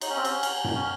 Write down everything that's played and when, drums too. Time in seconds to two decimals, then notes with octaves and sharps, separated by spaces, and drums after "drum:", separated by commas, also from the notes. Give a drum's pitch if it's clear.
0.01 D#4 C#5, drum: cymbal
0.10 C#4
0.16 C4
0.25 C#4, drum: cymbal
0.43 G#5, drum: cymbal
0.64 drum: tom F#2
0.75 C#4